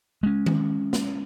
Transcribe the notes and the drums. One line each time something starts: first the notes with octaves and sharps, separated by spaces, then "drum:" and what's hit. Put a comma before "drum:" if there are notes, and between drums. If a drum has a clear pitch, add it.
G#3 C#4
drum: tom D#3
drum: snare